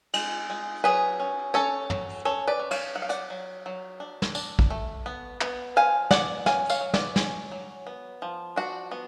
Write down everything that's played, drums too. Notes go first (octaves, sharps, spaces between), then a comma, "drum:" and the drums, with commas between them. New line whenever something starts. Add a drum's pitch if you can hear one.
G#3, drum: cymbal
G#3
F#3 G#4 B4
C#4
C#4 A4 C#5
F#3, drum: tom
C#4 A4 C#5
B4 D5
C#4
C#5 F5, drum: cymbal
F#3 F#5
F5
D5 F#5, drum: hi-hat
F#3
F#3
D4
drum: snare
D4, drum: tambourine
drum: kick
A3
B3
B3, drum: clap
F3 F5 G#5
B3 D5 F#5, drum: snare
C#4 F5 G#5, drum: snare
C#5 F5, drum: tambourine
F#3
B4 D5, drum: snare
C#4, drum: snare
F#3
B3
F3
D4 F#4
B3